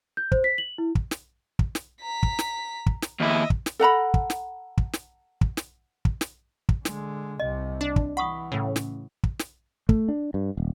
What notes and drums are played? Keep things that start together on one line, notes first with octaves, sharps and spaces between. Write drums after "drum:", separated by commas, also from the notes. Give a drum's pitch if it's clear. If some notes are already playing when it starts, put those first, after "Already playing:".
G6
C5, drum: kick
B6
F#7
E4
drum: kick
drum: snare
drum: kick
drum: snare
A#5 B6
drum: kick
drum: snare
drum: kick
drum: snare
D#2 E4 D#5 E5
drum: kick
drum: snare
A4 F#5 A#5 B5
drum: kick
drum: snare
drum: kick
drum: snare
drum: kick
drum: snare
drum: kick
drum: snare
drum: kick
D3 G#3, drum: snare
C2 C3 D#5
D4
drum: kick
E3 F#5 B5 C#6 D#6
A2 C#3
drum: snare
drum: kick
drum: snare
A3, drum: kick
D4
G2
D#1